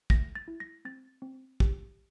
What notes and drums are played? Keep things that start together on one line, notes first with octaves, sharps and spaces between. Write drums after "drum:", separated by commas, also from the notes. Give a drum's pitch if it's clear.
A3 A#6, drum: kick
A6
E4
A#6
C4 A6
C4
G4, drum: kick